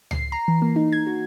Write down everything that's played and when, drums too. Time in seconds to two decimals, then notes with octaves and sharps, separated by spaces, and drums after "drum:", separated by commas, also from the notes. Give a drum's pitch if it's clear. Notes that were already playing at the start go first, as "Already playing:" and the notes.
0.11 C7, drum: tom C#2
0.32 A#5
0.48 E3
0.62 A#3
0.76 D#4
0.92 G#6
1.06 F#4